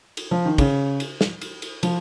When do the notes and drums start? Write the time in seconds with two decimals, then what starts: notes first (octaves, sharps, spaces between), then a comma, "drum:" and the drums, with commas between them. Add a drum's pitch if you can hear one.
0.17 drum: cymbal
0.31 F3
0.45 D#3
0.58 C#3, drum: kick, cymbal
1.00 drum: cymbal
1.21 drum: snare
1.41 drum: cymbal
1.62 drum: cymbal
1.83 F3, drum: cymbal